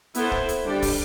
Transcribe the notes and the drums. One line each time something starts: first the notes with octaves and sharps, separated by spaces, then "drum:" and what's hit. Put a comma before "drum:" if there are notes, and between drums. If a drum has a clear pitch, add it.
B3 E4 A4 C5, drum: hi-hat
drum: kick
drum: hi-hat
D3 G3 D4 G4 D5
drum: kick, open hi-hat